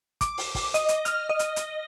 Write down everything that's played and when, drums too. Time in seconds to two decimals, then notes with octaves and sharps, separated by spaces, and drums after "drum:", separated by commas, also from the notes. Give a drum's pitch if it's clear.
0.21 D6, drum: kick, hi-hat
0.38 drum: open hi-hat
0.55 drum: kick, open hi-hat
0.74 D#5, drum: hi-hat
0.89 drum: hi-hat
1.05 F6, drum: hi-hat
1.29 D#5
1.39 drum: hi-hat
1.56 drum: hi-hat